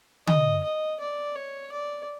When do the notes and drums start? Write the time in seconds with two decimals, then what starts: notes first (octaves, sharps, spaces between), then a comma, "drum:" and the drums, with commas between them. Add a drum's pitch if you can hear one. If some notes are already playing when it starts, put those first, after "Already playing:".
0.27 D#5, drum: tom D3
0.63 D#5
1.00 D5
1.36 C#5
1.72 D5